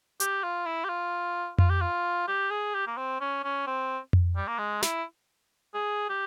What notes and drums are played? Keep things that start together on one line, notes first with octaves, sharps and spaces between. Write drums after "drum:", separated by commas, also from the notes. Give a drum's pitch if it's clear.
G4, drum: hi-hat
F4
E4
G4
F4
F4, drum: tom F2
G4
F4
G4
G#4
G4
A#3
C4
C#4
C#4
C4
drum: tom F2
G3
A#3
G#3
E4, drum: snare
G#4
G4